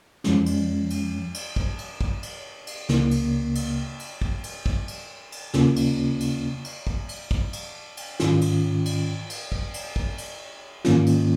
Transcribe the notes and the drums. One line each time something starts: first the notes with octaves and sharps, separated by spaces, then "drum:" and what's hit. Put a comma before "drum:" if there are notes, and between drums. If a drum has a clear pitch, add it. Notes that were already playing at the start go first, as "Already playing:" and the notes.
F2 F3 G#3 C#4, drum: snare
drum: cymbal
drum: cymbal
drum: cymbal
drum: kick
drum: cymbal
drum: kick
drum: cymbal
drum: cymbal
C#2 C#3 A#3, drum: snare
drum: cymbal
drum: cymbal
drum: cymbal
drum: kick
drum: cymbal
drum: kick
drum: cymbal
drum: cymbal
D#2 C#3 A#3 C#4 F4, drum: snare
drum: cymbal
drum: cymbal
drum: cymbal
drum: kick
drum: cymbal
drum: kick
drum: cymbal
drum: cymbal
G#2 D#3 C#4 F4, drum: snare
drum: cymbal
drum: cymbal
drum: cymbal
drum: kick
drum: cymbal
drum: kick
drum: cymbal
G#2 D#3 A#3 C#4 F4, drum: snare
drum: cymbal